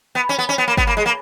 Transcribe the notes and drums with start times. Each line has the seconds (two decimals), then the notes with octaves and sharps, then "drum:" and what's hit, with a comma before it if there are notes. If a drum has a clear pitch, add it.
0.15 B3
0.29 C#4
0.38 B3
0.49 C#4
0.58 B3
0.68 A#3
0.77 B3, drum: kick G1
0.87 A#3
0.97 G#3
1.06 A#3